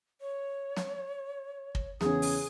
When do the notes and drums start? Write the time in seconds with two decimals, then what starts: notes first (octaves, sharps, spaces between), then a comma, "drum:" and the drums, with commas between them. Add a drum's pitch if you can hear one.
0.21 C#5
0.77 drum: snare
1.75 drum: kick
2.01 E2 C#3 G#4 D#6, drum: snare
2.22 drum: open hi-hat